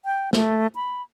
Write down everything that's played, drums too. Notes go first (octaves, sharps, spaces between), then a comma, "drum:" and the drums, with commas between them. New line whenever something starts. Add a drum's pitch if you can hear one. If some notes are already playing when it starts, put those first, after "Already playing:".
G5
A3, drum: snare
B5